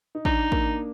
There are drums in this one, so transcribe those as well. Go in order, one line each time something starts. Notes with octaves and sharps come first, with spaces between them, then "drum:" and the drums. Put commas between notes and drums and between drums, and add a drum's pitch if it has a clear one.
D#4
D4 D#4, drum: kick
A#3, drum: kick